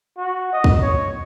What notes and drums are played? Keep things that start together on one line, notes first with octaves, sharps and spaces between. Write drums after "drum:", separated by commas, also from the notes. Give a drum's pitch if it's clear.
F#4
D#5
drum: kick
C#5